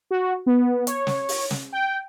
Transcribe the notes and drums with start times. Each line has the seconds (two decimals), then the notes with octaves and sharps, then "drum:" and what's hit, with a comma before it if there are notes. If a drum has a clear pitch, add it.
0.11 F#4
0.46 B3
0.87 C#5, drum: hi-hat
1.07 drum: snare
1.29 drum: open hi-hat
1.51 drum: snare
1.73 G5